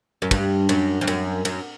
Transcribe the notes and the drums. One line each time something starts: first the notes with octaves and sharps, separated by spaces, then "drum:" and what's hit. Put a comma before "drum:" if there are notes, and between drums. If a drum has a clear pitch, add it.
F#2
G2, drum: kick, cymbal
F#2, drum: cymbal
F2
F#2, drum: cymbal
F#2, drum: cymbal